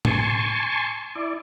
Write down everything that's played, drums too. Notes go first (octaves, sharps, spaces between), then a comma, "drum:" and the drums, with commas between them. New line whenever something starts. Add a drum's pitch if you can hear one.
G#5 A5 C6 C#6, drum: tom A2
E4 D5